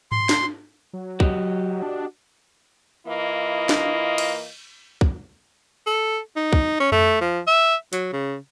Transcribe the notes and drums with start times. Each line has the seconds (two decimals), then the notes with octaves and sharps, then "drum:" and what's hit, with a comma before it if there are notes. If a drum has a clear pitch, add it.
0.12 C6, drum: tom G#2
0.29 drum: snare
0.93 F#3
1.20 F#4 G4 D#5, drum: kick
1.82 D4
3.06 E3 A#3 E4 F4 D#5
3.69 drum: snare
4.18 drum: cymbal
5.01 drum: kick
5.87 A4
6.36 D#4
6.53 drum: kick
6.80 C#4
6.92 A3, drum: tom F2
7.21 F3
7.47 E5
7.93 F#3, drum: hi-hat
8.13 C#3